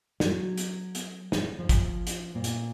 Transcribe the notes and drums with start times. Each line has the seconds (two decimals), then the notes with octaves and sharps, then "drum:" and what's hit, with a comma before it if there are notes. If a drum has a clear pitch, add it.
0.20 F#3, drum: snare
0.58 drum: hi-hat
0.95 drum: hi-hat
1.32 drum: snare
1.59 F3
1.69 drum: kick, hi-hat
2.07 drum: hi-hat
2.35 A#2
2.44 drum: hi-hat